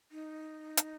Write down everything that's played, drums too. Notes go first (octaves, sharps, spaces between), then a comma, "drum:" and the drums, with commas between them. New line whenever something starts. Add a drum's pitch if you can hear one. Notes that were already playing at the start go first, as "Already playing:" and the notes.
D#4
drum: hi-hat